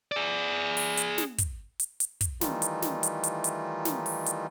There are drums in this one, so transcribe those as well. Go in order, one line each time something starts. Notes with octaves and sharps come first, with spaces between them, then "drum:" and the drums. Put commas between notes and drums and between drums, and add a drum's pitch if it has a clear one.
G#4 D5
drum: open hi-hat
drum: hi-hat
drum: snare
drum: kick, hi-hat
drum: hi-hat
drum: hi-hat
drum: kick, hi-hat
D#3 E3 G3 A3 D#4 F4, drum: snare
drum: hi-hat
drum: snare
drum: hi-hat
drum: hi-hat
drum: hi-hat
drum: snare
drum: open hi-hat
drum: hi-hat